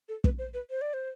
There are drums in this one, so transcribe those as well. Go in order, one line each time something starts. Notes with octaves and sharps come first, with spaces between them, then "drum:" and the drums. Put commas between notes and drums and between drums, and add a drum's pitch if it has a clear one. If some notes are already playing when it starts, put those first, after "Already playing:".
A4
B4, drum: kick
C5
B4
C5
D5
C5